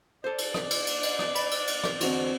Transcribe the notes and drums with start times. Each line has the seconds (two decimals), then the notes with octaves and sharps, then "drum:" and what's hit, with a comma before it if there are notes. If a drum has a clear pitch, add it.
0.24 A4 C5 D5
0.38 drum: cymbal
0.54 drum: rim click
0.71 drum: cymbal
0.87 drum: cymbal
1.03 drum: cymbal
1.19 drum: rim click
1.35 B5, drum: cymbal
1.51 drum: cymbal
1.67 drum: cymbal
1.84 drum: rim click
2.01 E2 D3 C4 F#4 C5, drum: cymbal